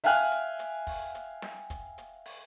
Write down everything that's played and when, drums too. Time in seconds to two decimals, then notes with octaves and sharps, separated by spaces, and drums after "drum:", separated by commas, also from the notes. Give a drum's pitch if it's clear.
0.04 E5 F5 G5 G#5 F6 F#6, drum: open hi-hat
0.31 drum: hi-hat
0.59 drum: hi-hat
0.87 drum: kick, open hi-hat
1.15 drum: hi-hat
1.42 drum: snare
1.70 drum: kick, hi-hat
1.98 drum: hi-hat
2.26 drum: open hi-hat